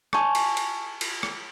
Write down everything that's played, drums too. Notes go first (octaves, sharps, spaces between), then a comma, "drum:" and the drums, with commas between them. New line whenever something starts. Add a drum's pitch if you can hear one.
G#5 A5 C#6 D6 G6, drum: rim click
drum: cymbal
drum: cymbal
drum: cymbal
drum: rim click